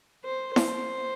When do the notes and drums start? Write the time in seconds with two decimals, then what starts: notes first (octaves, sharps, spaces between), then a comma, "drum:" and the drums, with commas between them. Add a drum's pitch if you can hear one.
0.24 C5
0.56 C5, drum: snare E4